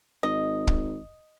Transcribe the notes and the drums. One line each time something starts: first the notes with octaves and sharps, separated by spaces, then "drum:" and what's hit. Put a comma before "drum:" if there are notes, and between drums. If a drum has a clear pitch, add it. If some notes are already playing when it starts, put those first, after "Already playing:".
G#1 D#5
drum: kick